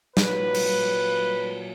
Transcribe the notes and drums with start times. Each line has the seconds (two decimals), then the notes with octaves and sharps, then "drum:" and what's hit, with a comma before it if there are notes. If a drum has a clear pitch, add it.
0.17 A#2 F#3 B4, drum: snare
0.54 drum: cymbal